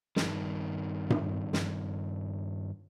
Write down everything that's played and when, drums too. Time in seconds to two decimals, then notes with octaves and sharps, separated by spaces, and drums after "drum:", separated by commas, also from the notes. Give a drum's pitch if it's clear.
0.16 G2 D#3, drum: snare
1.10 drum: tom G2
1.53 drum: snare